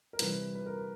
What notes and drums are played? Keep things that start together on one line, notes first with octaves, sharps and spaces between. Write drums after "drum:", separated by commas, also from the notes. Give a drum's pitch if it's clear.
A#4
C3 E3 G3 B4, drum: hi-hat
B4
A#4